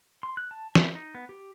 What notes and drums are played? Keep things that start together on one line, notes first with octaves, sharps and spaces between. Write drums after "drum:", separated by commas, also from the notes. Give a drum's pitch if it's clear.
C6
F#6
A5
E5, drum: snare
D#4
B3
G4